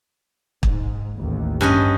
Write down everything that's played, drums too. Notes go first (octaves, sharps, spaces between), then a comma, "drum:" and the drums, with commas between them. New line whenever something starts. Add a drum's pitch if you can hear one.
G#2, drum: kick
A1 D#2
G2 C#4 D#5